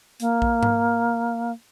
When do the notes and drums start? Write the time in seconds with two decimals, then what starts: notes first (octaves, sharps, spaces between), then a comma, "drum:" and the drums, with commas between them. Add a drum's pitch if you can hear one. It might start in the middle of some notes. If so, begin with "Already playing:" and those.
0.20 A#3, drum: hi-hat
0.42 drum: kick A#1
0.63 drum: tom G#2